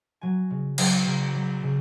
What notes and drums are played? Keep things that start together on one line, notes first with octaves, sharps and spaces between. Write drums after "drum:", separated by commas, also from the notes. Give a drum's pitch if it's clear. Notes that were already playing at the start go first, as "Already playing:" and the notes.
F#3 G#5
C#3
F#3, drum: cymbal
C#3 A#5
F#3
C#3